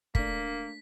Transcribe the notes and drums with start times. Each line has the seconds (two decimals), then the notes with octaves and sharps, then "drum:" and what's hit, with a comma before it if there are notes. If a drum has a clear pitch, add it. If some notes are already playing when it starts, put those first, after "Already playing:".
0.15 A3 A#3 D4 B6, drum: kick